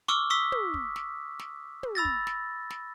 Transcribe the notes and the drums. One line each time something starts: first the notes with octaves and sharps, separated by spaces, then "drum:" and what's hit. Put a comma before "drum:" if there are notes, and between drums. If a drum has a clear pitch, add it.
C#6 D6 E6 F6, drum: snare
C#6 D#6 E6 B6
drum: tom
drum: kick
drum: snare
drum: snare
drum: tom
B5 E6 A6 A#6
drum: kick
drum: snare
drum: snare